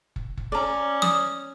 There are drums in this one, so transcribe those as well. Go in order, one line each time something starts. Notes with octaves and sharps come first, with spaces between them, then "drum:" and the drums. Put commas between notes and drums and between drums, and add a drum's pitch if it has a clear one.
drum: kick
drum: kick
C#4 D5 A#5
D#6, drum: snare